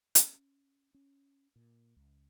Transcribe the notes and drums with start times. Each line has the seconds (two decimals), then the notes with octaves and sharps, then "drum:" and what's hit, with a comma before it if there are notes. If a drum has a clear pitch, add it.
0.15 C#4, drum: hi-hat
0.94 C#4
1.56 A#2
1.96 C#2